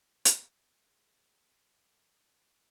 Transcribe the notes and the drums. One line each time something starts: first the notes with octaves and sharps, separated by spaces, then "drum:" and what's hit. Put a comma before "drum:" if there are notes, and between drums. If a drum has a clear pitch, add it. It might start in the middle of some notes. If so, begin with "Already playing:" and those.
drum: hi-hat
G#3 C#4 A#4
D3 G3 A#3